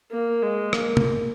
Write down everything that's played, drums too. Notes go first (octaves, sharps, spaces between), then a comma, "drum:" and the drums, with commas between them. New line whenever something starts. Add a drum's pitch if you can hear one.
A#3
G#3
A#3, drum: rim click
drum: tom